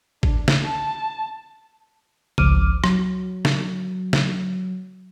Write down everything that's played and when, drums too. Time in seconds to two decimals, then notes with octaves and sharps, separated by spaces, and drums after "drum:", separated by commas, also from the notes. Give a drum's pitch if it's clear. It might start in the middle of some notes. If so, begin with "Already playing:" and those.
0.23 D4, drum: kick G#1
0.48 drum: snare
0.64 A5
2.38 G#1 C#2 F3 D6 F6 D#7, drum: tom C#3
2.84 F#3, drum: rim click
3.45 drum: snare
4.13 drum: snare